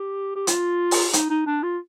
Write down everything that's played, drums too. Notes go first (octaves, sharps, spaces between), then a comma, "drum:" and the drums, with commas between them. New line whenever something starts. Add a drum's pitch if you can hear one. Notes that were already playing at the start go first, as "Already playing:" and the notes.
Already playing: G4
G4
F4, drum: hi-hat
drum: open hi-hat
D#4, drum: hi-hat
D#4
D4
F4